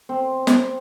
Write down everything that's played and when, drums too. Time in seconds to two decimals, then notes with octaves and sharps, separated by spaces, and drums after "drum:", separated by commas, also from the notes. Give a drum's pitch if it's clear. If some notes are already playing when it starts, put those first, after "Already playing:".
0.09 C4
0.47 drum: snare